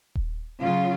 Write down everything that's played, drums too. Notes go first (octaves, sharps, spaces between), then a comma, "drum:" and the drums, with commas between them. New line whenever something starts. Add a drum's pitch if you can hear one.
drum: kick D#1
C#3 F#3 F4 F5